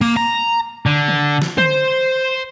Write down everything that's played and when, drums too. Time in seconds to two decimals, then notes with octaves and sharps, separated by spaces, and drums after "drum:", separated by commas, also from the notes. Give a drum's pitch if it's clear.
0.01 A#3, drum: open hi-hat
0.17 A#5
0.86 D3
1.08 drum: tom D3
1.42 drum: snare
1.58 C5, drum: tom D3